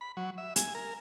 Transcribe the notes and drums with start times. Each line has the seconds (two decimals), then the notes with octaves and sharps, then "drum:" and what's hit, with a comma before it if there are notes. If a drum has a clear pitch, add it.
0.01 B5
0.17 F#3
0.38 E5
0.56 G#5, drum: hi-hat
0.75 A#4